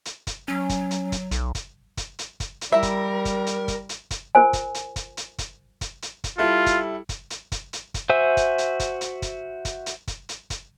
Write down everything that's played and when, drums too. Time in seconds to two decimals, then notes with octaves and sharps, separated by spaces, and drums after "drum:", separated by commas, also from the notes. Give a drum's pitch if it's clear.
0.05 drum: hi-hat
0.27 drum: kick, hi-hat
0.48 F#3 C#4
0.69 drum: kick, hi-hat
0.91 drum: hi-hat
1.12 drum: kick, hi-hat
1.31 B1, drum: hi-hat
1.55 drum: kick, hi-hat
1.97 drum: kick, hi-hat
2.19 drum: hi-hat
2.40 drum: kick, hi-hat
2.61 drum: hi-hat
2.72 G3 E4 A#4 E5
2.83 drum: kick, hi-hat
3.25 drum: kick, hi-hat
3.47 drum: hi-hat
3.68 drum: kick, hi-hat
3.89 drum: hi-hat
4.11 drum: kick, hi-hat
4.35 F4 A#4 C5 G#5
4.53 drum: kick, hi-hat
4.75 drum: hi-hat
4.96 drum: kick, hi-hat
5.17 drum: hi-hat
5.38 drum: kick, hi-hat
5.81 drum: kick, hi-hat
6.02 drum: hi-hat
6.24 drum: kick, hi-hat
6.38 G3 E4 F4 A4
6.66 drum: kick, hi-hat
7.09 drum: kick, hi-hat
7.30 drum: hi-hat
7.52 drum: kick, hi-hat
7.73 drum: hi-hat
7.94 drum: kick, hi-hat
8.09 F#4 C5 E5 G#5 E6
8.37 drum: kick, hi-hat
8.58 drum: hi-hat
8.80 drum: kick, hi-hat
9.01 drum: hi-hat
9.22 drum: kick, hi-hat
9.65 drum: kick, hi-hat
9.86 drum: hi-hat
10.07 drum: kick, hi-hat
10.29 drum: hi-hat
10.50 drum: kick, hi-hat